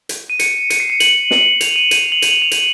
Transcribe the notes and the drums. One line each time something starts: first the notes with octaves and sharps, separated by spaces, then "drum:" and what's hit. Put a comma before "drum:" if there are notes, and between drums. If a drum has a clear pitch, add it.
drum: hi-hat
D#7
C#7, drum: hi-hat
C#7, drum: hi-hat
C7
D#7
F#7, drum: hi-hat
drum: snare
F7, drum: hi-hat
D#7
D#7, drum: hi-hat
F#7
F7, drum: hi-hat
F#7
F7
D#7, drum: hi-hat